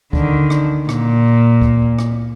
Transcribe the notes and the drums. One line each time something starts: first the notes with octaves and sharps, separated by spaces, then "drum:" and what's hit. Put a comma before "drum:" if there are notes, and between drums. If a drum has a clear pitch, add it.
D3 D#3, drum: kick D2
drum: rim click
A#2, drum: rim click
drum: kick D2
drum: rim click